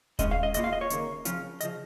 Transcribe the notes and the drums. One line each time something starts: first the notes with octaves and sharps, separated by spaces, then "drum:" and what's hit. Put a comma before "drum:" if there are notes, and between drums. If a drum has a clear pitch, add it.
D#2 C#3 G#3 C#4 D#5, drum: kick D#1, hi-hat
F5
D#5
C#3 A#3 F4 D#5, drum: hi-hat
F5
D#5
C#5
D#2 C#3 A#3, drum: hi-hat
F2 C#3 F3 C#4 F4, drum: hi-hat
C#3 F3 D#5, drum: hi-hat